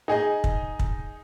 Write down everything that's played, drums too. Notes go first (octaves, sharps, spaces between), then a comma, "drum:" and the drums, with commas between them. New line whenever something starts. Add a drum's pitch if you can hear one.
D#4 G#4 D#5
drum: kick
drum: kick